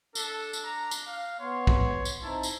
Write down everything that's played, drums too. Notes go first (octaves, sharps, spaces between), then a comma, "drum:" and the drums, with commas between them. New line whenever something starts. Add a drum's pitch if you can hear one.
D4 A4, drum: tambourine
drum: tambourine
A#5
drum: tambourine
F5
B3 C#5 C6
drum: kick
drum: tambourine
C4 D#4 E4 A5
drum: tambourine